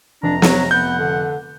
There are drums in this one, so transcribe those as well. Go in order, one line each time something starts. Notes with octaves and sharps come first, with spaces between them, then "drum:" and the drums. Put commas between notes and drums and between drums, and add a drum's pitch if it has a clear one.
F1 D4 A#5
F#3, drum: snare
B3 F#5 G6
D3